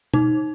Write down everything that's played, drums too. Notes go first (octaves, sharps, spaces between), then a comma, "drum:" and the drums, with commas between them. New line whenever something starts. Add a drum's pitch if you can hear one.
D#4, drum: tom